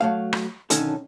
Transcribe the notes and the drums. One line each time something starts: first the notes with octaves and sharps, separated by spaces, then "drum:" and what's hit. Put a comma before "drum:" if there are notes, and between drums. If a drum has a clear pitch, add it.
F#3 A3 F5
drum: rim click
B1 D3 D#3 C#4 D#4 A4, drum: hi-hat